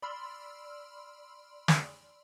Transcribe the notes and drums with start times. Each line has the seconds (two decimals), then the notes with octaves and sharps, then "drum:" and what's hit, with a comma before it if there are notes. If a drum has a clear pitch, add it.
0.02 D5 B5 C6 E6 F6
1.68 drum: snare